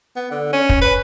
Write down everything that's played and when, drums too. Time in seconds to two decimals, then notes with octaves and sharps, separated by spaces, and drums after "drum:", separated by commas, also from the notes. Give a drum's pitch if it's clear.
0.16 B3
0.31 D3
0.53 C#4
0.69 drum: kick
0.81 B4